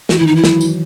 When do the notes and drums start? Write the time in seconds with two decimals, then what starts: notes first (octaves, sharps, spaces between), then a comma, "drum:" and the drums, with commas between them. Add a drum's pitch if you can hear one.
0.09 E3 F#4, drum: snare
0.18 D#3 E4
0.27 D#4
0.33 E3 E4
0.44 F#3, drum: snare
0.61 drum: tambourine